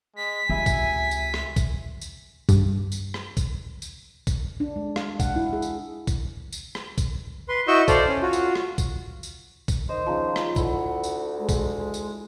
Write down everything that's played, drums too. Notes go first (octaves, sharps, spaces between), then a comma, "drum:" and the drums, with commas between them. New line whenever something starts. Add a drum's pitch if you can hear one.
G#3 B6
C#2 C3 E5 G#5 B5
drum: kick A#1, tambourine
drum: tambourine
drum: rim click
drum: kick A#1, tambourine
drum: tambourine
G2, drum: kick A#1, tambourine
drum: tambourine
drum: rim click
drum: kick A#1, tambourine
drum: tambourine
drum: kick A#1, tambourine
D4
G#3
F5, drum: rim click
F#5, drum: kick A#1, tambourine
E4
G#4
drum: tambourine
drum: kick A#1, tambourine
drum: tambourine
drum: rim click
drum: kick A#1, tambourine
B4 C6
E4 F#4 D#5 C#6 E6 G6
A4 C5 D5 F5, drum: kick A#1, tambourine
C#4
F4 F#4
drum: tambourine
drum: rim click
drum: kick A#1, tambourine
drum: tambourine
drum: kick A#1, tambourine
D#3 C5 D#5
C#3 F3 D#4
drum: rim click
D2 E4 F#5, drum: kick A#1, tambourine
drum: tambourine
G#3
drum: kick A#1, tambourine
drum: tambourine